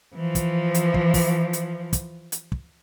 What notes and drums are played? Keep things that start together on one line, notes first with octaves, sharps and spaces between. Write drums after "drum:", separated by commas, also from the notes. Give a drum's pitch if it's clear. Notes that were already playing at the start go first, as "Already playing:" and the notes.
E3 F3
drum: kick, hi-hat
drum: hi-hat
drum: kick
drum: kick, open hi-hat
drum: hi-hat
drum: kick, hi-hat
drum: hi-hat
drum: kick